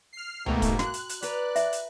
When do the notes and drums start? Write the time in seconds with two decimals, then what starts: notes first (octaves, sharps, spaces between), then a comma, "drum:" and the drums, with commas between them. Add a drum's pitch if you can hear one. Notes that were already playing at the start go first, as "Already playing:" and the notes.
0.13 F6 C7
0.46 G#2 B2 A3 A#3 G5 A#5, drum: tom C#2
0.62 drum: kick, hi-hat
0.79 F#4 F#6, drum: snare
0.94 drum: hi-hat
1.09 drum: hi-hat
1.22 B4 D5 A#5 B5, drum: hi-hat
1.56 E5, drum: hi-hat
1.73 drum: hi-hat